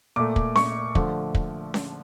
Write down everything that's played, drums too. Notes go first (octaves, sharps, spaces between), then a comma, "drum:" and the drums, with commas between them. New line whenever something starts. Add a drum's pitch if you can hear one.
A#2 A3 D6
drum: kick
C#6, drum: snare C#4
D3 F3 A3, drum: kick
drum: kick
drum: snare C#4